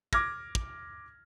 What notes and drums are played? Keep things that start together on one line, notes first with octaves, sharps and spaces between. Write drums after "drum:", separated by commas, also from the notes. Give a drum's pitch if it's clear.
D6 F6 G#6 A#6, drum: kick
drum: kick